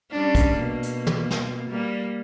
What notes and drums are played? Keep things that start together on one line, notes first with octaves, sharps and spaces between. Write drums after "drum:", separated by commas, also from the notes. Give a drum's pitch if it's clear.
G3 C#4 D4
drum: kick, hi-hat
B2 A#3
drum: hi-hat
drum: tom
drum: snare
G3 A#3